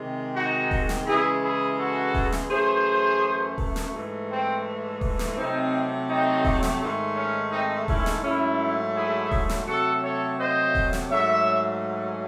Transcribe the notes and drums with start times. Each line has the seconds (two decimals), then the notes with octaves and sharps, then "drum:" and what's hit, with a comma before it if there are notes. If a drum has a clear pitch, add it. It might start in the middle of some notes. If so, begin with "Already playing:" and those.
Already playing: C3 D#3 G#3
0.35 D#4 F#4
0.71 drum: kick D#1
0.89 drum: snare
1.06 C#3 E3 G#3 E4 G#4
1.42 E4 G#4
1.79 F#4 A4
2.14 drum: kick D#1
2.32 drum: snare
2.50 F#2 E3 A3 G#4 C5
3.58 drum: kick D#1
3.76 drum: snare
3.94 G#2 E3 A3
4.30 C4
5.01 drum: kick D#1
5.19 drum: snare
5.37 C3 F#3 A3 C4 D#4
6.08 C4 D#4
6.45 drum: kick D#1
6.63 drum: snare
6.80 G#2 D#3 A3
7.16 C#4
7.52 C4 D#4
7.88 C#4 E4, drum: kick D#1
8.06 drum: snare
8.24 G#2 F#3 A3 C#4 E4
8.96 E4 G#4
9.31 drum: kick D#1
9.49 drum: snare
9.67 C3 F#3 A3 F#4 A4
10.03 A4 C#5
10.39 C5 D#5
10.75 drum: kick D#1
10.93 drum: snare
11.10 G#2 F#3 A3 C#5 E5